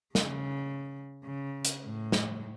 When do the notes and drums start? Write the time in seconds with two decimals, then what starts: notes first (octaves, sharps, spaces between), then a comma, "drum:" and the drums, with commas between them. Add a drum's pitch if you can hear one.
0.15 C#3, drum: snare
1.24 C#3
1.65 drum: hi-hat
1.85 A2
2.12 drum: snare